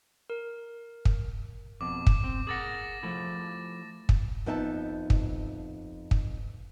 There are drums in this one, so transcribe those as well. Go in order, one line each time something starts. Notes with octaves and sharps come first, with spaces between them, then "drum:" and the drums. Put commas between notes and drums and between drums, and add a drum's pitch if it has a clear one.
A#4
drum: kick
F2 B2 D6
drum: kick
C4
G#4 A#4 F#5 D6 A6 A#6
F3 A3 E4
drum: kick
F2 B3 D#4 E5 G5 A5
drum: kick
drum: kick